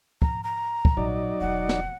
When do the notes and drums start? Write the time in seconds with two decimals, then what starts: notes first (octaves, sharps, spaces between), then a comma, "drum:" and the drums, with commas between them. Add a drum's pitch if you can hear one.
0.22 A#5, drum: kick
0.44 A#5
0.85 drum: kick
0.97 A#1 F#3 D#4 D5
1.41 E1 E2 F#5
1.69 drum: snare